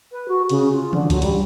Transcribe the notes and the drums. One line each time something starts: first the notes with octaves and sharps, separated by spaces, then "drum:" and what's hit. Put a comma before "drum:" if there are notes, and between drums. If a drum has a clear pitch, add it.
B4
F#4
C#3, drum: hi-hat
F4
D3, drum: tom D#3
F#3, drum: kick C#2, hi-hat
G3, drum: hi-hat